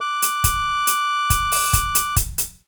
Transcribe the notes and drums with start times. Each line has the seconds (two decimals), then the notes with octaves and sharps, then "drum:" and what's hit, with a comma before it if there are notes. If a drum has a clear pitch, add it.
0.01 D6 F#6
0.22 drum: hi-hat
0.44 drum: kick, hi-hat
0.87 drum: hi-hat
1.30 drum: kick, hi-hat
1.52 drum: open hi-hat
1.73 drum: kick, hi-hat
1.95 drum: hi-hat
2.16 drum: kick, hi-hat
2.38 drum: hi-hat